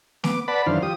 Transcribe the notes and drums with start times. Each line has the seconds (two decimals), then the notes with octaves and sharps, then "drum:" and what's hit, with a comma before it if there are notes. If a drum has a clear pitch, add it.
0.24 B3 D6, drum: snare
0.48 B4 D5 F#5 A5 B5
0.66 F#2 D#3 E3 D4 C5 F5
0.83 F3 G4 D#6